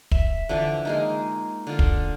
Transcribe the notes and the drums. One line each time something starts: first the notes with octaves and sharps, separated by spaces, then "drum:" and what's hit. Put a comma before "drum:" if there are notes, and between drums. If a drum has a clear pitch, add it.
E5, drum: kick
D3 E3 F3 D4
G#3 A#3 D#4
D3 F4
drum: kick